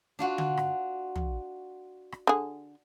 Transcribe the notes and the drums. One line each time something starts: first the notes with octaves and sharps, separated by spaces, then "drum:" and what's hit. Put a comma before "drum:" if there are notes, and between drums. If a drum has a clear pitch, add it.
D4 F4 F#4
drum: tom D3
drum: rim click
drum: tom
drum: rim click
D3 G#4